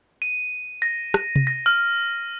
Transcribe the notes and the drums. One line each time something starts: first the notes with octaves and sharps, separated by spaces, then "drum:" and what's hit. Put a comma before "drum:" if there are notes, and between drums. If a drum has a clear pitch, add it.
D#7
A#6
drum: rim click
drum: tom C3
A#6
F6